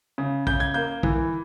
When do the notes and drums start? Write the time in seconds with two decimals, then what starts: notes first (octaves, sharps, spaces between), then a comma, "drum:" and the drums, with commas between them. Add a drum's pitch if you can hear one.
0.18 C#3
0.47 C#3 G6, drum: kick
0.60 G#6
0.74 A#3 G6
1.03 E3, drum: kick